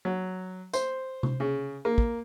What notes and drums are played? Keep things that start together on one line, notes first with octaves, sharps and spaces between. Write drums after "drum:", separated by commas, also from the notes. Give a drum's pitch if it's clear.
F#3
C5, drum: tambourine
drum: tom C3
C#3
A#3
drum: kick